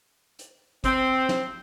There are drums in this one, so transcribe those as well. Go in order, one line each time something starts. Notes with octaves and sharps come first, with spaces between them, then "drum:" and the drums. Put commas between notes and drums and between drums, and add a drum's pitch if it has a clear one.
drum: hi-hat
C4, drum: kick G#1, hi-hat
drum: snare